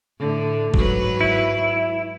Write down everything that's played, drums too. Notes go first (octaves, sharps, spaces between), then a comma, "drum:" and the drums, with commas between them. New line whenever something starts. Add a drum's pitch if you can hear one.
A2 D3
G#2 F#3 B4, drum: kick
E4